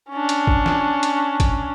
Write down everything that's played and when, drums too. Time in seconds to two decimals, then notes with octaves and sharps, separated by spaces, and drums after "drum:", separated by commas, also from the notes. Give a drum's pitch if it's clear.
0.10 C#4 D4
0.29 drum: hi-hat
0.47 drum: kick G#1
0.66 drum: snare
1.03 drum: hi-hat
1.40 drum: kick G#1, hi-hat